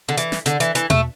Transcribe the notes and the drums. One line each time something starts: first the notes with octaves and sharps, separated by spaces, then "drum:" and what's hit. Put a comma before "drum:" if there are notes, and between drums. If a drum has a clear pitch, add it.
D3
E3, drum: hi-hat
drum: snare
D3, drum: hi-hat
E3, drum: hi-hat
E3, drum: hi-hat
A3, drum: tom B2